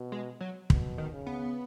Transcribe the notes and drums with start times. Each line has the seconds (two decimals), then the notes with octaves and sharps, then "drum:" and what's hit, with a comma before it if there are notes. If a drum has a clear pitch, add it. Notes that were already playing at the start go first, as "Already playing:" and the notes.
Already playing: B2
0.12 G#3
0.41 F#3
0.70 B2, drum: kick
0.98 D#3
1.12 C#3
1.26 B3